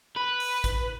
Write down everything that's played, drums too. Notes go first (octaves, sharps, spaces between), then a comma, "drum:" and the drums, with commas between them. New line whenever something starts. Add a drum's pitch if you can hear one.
B4
drum: open hi-hat
drum: kick A1, hi-hat